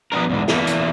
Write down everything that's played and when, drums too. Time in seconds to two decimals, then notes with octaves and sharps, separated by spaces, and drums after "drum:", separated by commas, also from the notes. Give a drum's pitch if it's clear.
0.12 F3 B3 D4 A#4
0.30 E2 G#2 D3
0.48 E2 E3 A3 A#3, drum: snare
0.67 drum: hi-hat